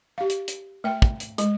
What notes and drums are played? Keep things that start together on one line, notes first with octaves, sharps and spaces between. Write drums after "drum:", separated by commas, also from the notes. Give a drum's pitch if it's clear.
G4 F5
drum: hi-hat
drum: hi-hat
A3 G5
drum: kick
drum: hi-hat
G#3, drum: hi-hat